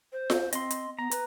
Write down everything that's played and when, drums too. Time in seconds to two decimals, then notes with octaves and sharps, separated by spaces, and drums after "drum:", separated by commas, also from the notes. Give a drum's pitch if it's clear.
0.12 C5
0.30 drum: snare F4
0.53 C4 D#5 C6, drum: hi-hat
0.71 drum: hi-hat
0.99 B3 A#5
1.11 B4, drum: hi-hat